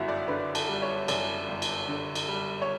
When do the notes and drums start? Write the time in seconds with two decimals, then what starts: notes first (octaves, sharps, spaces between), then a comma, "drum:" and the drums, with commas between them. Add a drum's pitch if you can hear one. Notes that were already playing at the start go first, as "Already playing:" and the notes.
Already playing: G1 F#2 E4 F#4
0.08 D5
0.28 D3 B4
0.55 A4, drum: cymbal
0.68 G3
0.82 C#5
1.08 F#2 D5, drum: cymbal
1.48 G1
1.62 drum: cymbal
1.89 D3
2.15 drum: cymbal
2.28 G3
2.62 C#5